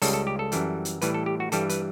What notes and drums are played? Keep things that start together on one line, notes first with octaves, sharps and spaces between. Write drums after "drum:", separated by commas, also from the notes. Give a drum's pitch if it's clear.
C#2 C#3 G3 A4, drum: open hi-hat
A4
G4
A4
F#2 E3 G3, drum: hi-hat
drum: hi-hat
A2 E3 G3 B4, drum: hi-hat
A4
G4
F#4
G2 E3 G3 A4, drum: hi-hat
B4, drum: hi-hat